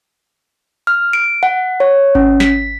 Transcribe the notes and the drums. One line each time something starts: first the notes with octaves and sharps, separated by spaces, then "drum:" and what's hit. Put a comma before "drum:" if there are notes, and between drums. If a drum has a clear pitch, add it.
F6
D7
F#5
C#5
C#4, drum: kick G#1
B6, drum: snare